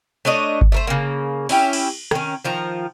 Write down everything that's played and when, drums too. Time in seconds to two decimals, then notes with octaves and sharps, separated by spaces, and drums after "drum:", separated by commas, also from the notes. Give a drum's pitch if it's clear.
0.25 A3 D4 C#5 D#5
0.61 drum: kick G1
0.72 A3 A#4 C5
0.87 C#3 A#3
1.49 C#4 E4 G4, drum: open hi-hat
1.73 drum: cymbal
2.11 D#3 C#4, drum: rim click
2.44 D#3 F3 A#5